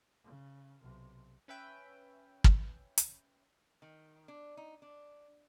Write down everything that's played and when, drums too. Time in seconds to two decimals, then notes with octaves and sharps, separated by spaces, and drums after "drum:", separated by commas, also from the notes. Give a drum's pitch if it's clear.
0.24 C#3
0.81 B1 C3
1.48 C#4 B4 E5 G5
2.44 drum: kick
2.98 drum: hi-hat
3.82 D#3
4.28 D4
4.57 D#4
4.82 D4